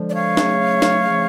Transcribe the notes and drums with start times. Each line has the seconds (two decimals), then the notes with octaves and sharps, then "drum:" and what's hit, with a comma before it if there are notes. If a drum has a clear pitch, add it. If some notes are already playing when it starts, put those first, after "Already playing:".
Already playing: D3 F3 G#3
0.10 D5
0.15 C#5 F5
0.37 C#3 F#3 A3, drum: snare
0.82 drum: snare
1.05 C#3 F3 A3